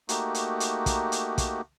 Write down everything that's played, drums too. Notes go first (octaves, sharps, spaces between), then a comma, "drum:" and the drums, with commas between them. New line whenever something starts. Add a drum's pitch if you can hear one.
A3 A#3 D#4 F#4 G4, drum: hi-hat
drum: hi-hat
drum: hi-hat
drum: kick, hi-hat
drum: hi-hat
drum: kick, hi-hat